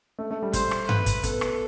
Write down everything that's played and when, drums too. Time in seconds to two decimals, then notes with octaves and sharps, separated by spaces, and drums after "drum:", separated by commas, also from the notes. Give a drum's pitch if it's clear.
0.19 A3
0.31 A3
0.42 G3
0.53 A3 C5, drum: kick, hi-hat
0.71 drum: rim click
0.89 B4, drum: tom G2
1.06 drum: kick, hi-hat
1.23 B3 A4, drum: kick, hi-hat
1.41 drum: rim click